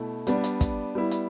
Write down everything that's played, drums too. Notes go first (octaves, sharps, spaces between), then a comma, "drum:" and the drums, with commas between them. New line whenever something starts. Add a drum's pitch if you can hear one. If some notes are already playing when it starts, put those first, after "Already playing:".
Already playing: B2 A3 E4
G3 B3 D4, drum: hi-hat
drum: hi-hat
drum: kick, hi-hat
G3 B3 E4
drum: hi-hat